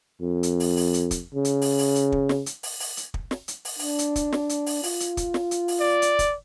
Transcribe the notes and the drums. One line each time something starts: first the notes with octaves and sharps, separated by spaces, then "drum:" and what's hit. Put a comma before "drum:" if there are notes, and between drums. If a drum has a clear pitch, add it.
F2
drum: hi-hat
drum: open hi-hat
drum: open hi-hat
drum: hi-hat
drum: kick, hi-hat
C#3
drum: hi-hat
drum: open hi-hat
drum: open hi-hat
drum: hi-hat
drum: kick
drum: snare
drum: hi-hat
drum: open hi-hat
drum: open hi-hat
drum: hi-hat
drum: kick
drum: snare
drum: hi-hat
drum: open hi-hat
D4, drum: open hi-hat
drum: hi-hat
drum: kick, hi-hat
drum: snare
drum: hi-hat
drum: open hi-hat
F4, drum: open hi-hat
drum: hi-hat
drum: kick, hi-hat
drum: snare
drum: hi-hat
drum: open hi-hat
D5
drum: hi-hat
drum: kick, hi-hat